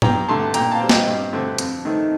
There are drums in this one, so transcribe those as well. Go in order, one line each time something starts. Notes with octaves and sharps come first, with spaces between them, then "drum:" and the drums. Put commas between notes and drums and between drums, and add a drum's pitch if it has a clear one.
G2 G5 A#5, drum: tom G#2
D3 A3 A5 C6
A#2 G5 A#5, drum: hi-hat
F5 A5
G3 C4
D#5 G5, drum: snare
G2
D3 A3 C4
F2, drum: hi-hat
D#3 A3 C4